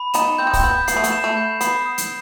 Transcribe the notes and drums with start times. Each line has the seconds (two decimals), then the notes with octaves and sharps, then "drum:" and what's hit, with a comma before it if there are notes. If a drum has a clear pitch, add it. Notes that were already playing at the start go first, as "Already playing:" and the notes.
Already playing: B5
0.14 B3 D#4 E7, drum: hi-hat
0.38 C4 G6
0.47 D#4
0.53 C4, drum: kick, open hi-hat
0.63 B3 G6
0.88 B3 C7, drum: hi-hat
0.96 A3
1.04 B3, drum: hi-hat
1.12 E7
1.24 A3
1.37 G6
1.61 B3 C7, drum: hi-hat
1.85 D#6
1.98 drum: hi-hat